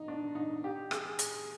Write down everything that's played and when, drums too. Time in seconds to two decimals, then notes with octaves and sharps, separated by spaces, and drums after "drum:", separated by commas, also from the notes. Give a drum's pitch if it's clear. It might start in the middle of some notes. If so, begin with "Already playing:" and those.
Already playing: D#4
0.08 D4
0.35 D#4
0.64 G4
0.91 G#4, drum: rim click
1.19 G#4, drum: hi-hat